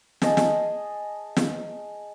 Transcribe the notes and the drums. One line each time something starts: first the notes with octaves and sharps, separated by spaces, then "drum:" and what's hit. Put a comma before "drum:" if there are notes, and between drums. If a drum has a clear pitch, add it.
G#4 D#5 A5, drum: snare
drum: snare
drum: snare